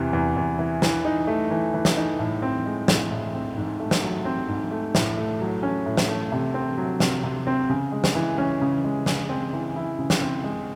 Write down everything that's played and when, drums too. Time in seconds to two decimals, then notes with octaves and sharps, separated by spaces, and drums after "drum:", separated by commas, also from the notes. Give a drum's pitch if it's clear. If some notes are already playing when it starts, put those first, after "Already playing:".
Already playing: E2 C3 E3
0.13 E2
0.37 E2
0.59 E3
0.82 E3, drum: snare
1.05 D#4
1.27 A3
1.51 E3
1.74 E3
1.85 drum: snare
1.97 D#4
2.19 A2
2.42 C4
2.66 G#3
2.88 A2, drum: snare
3.11 A2
3.34 C4
3.57 G#2
3.80 A3
3.91 drum: snare
4.03 F#3
4.25 C4
4.48 G#2
4.71 A3
4.95 A2, drum: snare
5.17 A3
5.40 F#3
5.63 C#4
5.86 A2
5.97 drum: snare
6.09 A3
6.32 C3
6.54 C4
6.78 F#3
7.00 C3, drum: snare
7.23 C3
7.47 C4
7.69 C#3
7.92 G#3
8.04 drum: snare
8.15 E3
8.38 C#4
8.61 C#3
8.84 G#3
9.06 C#3, drum: snare
9.29 C4
9.53 E3
9.76 E4
9.99 C#3
10.10 drum: snare
10.21 C4
10.44 G#3